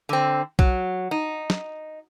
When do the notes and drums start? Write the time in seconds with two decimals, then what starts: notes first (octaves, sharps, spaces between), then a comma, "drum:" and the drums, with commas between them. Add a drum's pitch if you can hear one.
0.09 D3 C4
0.59 F#3, drum: kick
1.11 D#4
1.50 drum: snare